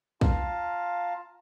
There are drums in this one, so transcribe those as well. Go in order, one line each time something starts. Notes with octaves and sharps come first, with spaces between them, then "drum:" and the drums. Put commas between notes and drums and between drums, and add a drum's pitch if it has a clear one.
F4 F5 A5 A#5, drum: kick